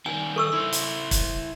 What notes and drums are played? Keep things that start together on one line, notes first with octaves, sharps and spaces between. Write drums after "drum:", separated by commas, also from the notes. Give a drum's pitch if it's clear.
D#3 G3 G#5
A4 C#6 E6
E4 C5
drum: hi-hat
drum: kick, hi-hat